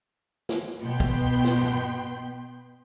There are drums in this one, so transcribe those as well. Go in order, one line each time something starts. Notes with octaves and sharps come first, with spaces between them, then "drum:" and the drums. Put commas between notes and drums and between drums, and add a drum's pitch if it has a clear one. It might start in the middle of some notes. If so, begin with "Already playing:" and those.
drum: snare
B2 B3 G5 B5 C6 G6
drum: kick
drum: snare
drum: tom G2